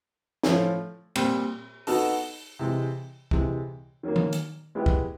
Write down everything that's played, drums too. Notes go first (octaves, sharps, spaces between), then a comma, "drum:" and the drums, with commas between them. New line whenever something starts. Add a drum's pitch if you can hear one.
A2 F3 A3 C#4, drum: snare
A#2 G3 C4, drum: cymbal
B3 D#4 F#4 A4, drum: open hi-hat
C3 E3 G#3
C3 E3 G#3, drum: kick
D#3 F#3 A#3
drum: tom D#3
drum: hi-hat
G#3 B3 E4 G4
drum: kick